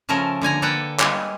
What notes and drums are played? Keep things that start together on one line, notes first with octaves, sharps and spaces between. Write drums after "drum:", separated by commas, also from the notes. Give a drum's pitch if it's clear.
C#3 F3 A3 C#4 A#4
D3 A#3 G#5 A#5
A#3 A4 B4 D5 F#5 G5
G3 G#3, drum: clap